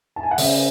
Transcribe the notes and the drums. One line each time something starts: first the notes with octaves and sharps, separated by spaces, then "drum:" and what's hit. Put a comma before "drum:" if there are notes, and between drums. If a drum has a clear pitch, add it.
A5
G#5
F#5
C#3 E5, drum: open hi-hat